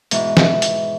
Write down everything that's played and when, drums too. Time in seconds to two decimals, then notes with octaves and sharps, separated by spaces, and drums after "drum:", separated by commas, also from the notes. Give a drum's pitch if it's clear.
0.11 G#2 B2 E3, drum: hi-hat
0.37 drum: snare
0.62 drum: hi-hat